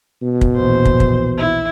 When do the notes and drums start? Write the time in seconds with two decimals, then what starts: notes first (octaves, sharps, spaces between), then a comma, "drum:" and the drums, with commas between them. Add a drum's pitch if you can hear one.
0.22 B2
0.41 drum: kick
0.56 A#1 D#2 E3 C5
0.85 drum: kick
1.00 drum: kick
1.38 E4